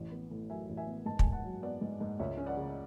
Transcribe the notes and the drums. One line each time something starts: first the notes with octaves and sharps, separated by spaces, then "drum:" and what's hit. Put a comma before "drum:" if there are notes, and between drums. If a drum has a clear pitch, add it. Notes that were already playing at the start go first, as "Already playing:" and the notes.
Already playing: A1
B3
A2
F#3 E5 G#5
A1
E5 G#5
B3
G#2 A5
G#5, drum: kick
G#2
F#5 A5
F#3
B3 D5 F#5
G#2
G#2
C#2 C#5 E5
C#4
D5 F#5
C#3